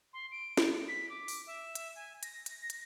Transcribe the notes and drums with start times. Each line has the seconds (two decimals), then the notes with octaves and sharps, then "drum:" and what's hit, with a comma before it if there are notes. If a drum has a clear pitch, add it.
0.13 C6
0.32 D7
0.57 drum: snare
0.88 B6
1.10 D6
1.28 drum: open hi-hat
1.47 E5
1.75 drum: hi-hat
1.95 G#5
2.23 A#6, drum: hi-hat
2.46 drum: hi-hat
2.70 drum: hi-hat